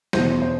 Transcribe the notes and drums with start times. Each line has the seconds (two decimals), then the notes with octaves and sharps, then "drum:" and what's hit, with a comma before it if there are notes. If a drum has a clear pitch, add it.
0.13 E2 B2 C5, drum: snare
0.42 C5